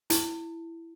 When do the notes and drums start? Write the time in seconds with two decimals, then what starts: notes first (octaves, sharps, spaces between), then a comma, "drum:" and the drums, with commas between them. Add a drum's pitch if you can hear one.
0.10 E4, drum: hi-hat